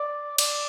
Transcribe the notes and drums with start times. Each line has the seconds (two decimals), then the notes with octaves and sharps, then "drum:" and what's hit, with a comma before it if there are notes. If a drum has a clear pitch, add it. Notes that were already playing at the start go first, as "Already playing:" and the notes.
Already playing: D5
0.38 D5, drum: cymbal